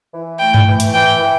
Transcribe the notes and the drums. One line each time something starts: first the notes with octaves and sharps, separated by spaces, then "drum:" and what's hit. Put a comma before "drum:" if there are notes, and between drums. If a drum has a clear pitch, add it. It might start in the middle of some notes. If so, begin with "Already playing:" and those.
E3
A3 G5
drum: tom G2
E3
drum: hi-hat
E3 G5
E3